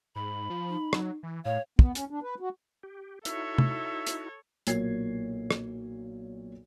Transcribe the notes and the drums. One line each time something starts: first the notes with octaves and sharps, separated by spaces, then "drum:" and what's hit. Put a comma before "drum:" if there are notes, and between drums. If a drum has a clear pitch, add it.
G#2 B5
F3
D#4
F#3, drum: rim click
E3
A2 C#5 F5
B3, drum: kick
C#4, drum: hi-hat
D4
B4
F#4
G4
D#4 E4 F#4 A4 C#5 E5, drum: hi-hat
drum: tom
drum: hi-hat
B1 A#2 A#3 C#5 G#6 C7, drum: hi-hat
drum: rim click